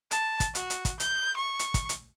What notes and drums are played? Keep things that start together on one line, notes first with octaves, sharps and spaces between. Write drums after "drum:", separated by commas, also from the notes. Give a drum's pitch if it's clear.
A5, drum: hi-hat
drum: kick, hi-hat
F#4, drum: hi-hat
drum: hi-hat
drum: kick, hi-hat
G6, drum: hi-hat
C#6
drum: hi-hat
drum: kick, hi-hat
drum: hi-hat